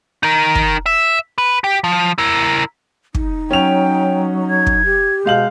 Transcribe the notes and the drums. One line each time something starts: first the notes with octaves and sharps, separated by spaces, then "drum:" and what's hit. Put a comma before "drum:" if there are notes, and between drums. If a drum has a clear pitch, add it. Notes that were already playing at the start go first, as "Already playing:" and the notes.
D#4 A#4
drum: kick
E5
B4
G4
F3
E4 A#4
D#4, drum: kick
F#3 C#4 G5 F7
G#6
drum: kick
G4
B2 G#3 F5 G6 F#7